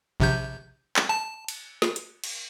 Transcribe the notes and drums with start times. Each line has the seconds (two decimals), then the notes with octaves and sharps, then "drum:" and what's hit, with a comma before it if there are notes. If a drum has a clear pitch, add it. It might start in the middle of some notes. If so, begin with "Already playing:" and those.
0.20 A#1 C3 G6
0.96 drum: clap
1.09 A5
1.48 drum: cymbal
1.82 drum: snare
1.96 drum: hi-hat
2.24 drum: cymbal